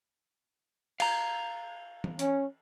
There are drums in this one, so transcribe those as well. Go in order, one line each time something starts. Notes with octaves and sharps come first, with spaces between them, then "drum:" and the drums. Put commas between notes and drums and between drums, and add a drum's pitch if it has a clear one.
F5 A#5, drum: cymbal
drum: tom E3
C#4, drum: hi-hat